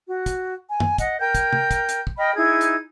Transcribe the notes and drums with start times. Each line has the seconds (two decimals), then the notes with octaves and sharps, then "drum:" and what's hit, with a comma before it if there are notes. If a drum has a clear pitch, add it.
0.09 F#4
0.26 drum: kick, hi-hat
0.69 G#5
0.80 drum: tom F#2
0.98 D#5 F#5, drum: kick, hi-hat
1.20 A#4 G5 G6
1.35 drum: kick, hi-hat
1.53 drum: tom
1.71 drum: kick, hi-hat
1.89 drum: hi-hat
2.07 drum: kick
2.18 D#5 G5 B5 F6
2.35 D#4 E4 G#4 G#6
2.61 drum: hi-hat